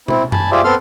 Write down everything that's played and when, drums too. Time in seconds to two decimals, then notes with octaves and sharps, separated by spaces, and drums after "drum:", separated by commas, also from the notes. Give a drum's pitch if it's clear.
0.08 C4 E4, drum: tom B2
0.32 G#5 A5 B5, drum: tom F#2
0.51 F4 G4 G#4 C5 D5 E5
0.64 B3 C4 A4 C6 F6